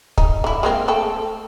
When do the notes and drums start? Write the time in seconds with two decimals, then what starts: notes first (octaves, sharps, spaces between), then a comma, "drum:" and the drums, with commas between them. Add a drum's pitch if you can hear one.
0.18 D#4, drum: kick
0.44 D3 E4
0.63 G#3 A#3 C4
0.88 A3 A4 G5